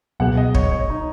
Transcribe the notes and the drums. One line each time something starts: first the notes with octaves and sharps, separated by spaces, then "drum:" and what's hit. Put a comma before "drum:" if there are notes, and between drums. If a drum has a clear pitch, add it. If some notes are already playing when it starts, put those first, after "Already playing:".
C#2 B2 F#3 B3 G#4 F#5
D#5
C#5, drum: kick
C#5
D#4